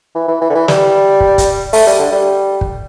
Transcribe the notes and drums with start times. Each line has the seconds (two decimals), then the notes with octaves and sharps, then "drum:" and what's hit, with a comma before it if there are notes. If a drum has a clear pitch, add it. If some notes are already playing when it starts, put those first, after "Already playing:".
0.15 E3
0.28 E3
0.42 E3
0.50 D3
0.55 E3
0.68 G3, drum: snare
1.20 drum: kick
1.38 drum: kick, hi-hat
1.73 A3, drum: open hi-hat
1.87 G3
1.99 D3
2.12 G3
2.61 drum: kick